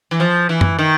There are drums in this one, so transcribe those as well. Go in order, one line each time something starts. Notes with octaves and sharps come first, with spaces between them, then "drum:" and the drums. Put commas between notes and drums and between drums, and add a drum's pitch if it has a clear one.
E3
F3
E3
drum: tom
D#3